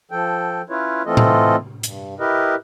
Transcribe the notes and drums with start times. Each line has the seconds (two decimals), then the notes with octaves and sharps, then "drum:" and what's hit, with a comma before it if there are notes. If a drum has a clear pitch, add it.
0.11 F3 A4 G5
0.70 C#4 E4 F4 B4 C#5
1.06 E3 A3 C4 F4 A4 D#5
1.17 drum: tom A2
1.83 G2, drum: hi-hat
2.20 E4 G4 A#4 B4 D#5